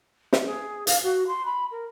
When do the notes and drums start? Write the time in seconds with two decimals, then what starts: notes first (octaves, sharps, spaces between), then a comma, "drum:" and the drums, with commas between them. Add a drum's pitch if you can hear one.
0.33 drum: snare
0.44 G#4
0.87 F5, drum: hi-hat
1.03 F#4
1.27 C6
1.45 B5
1.70 A#4